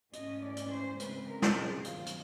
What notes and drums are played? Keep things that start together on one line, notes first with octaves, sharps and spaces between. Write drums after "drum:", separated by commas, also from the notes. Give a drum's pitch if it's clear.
G#2 E3 A3 C#4 D#5, drum: hi-hat
D5
drum: hi-hat
C5
C#3 E3 G#3 C4 B4, drum: hi-hat
A#4
drum: snare
G#4
G2 D#3 F#3 A3 C4 F4, drum: hi-hat
drum: hi-hat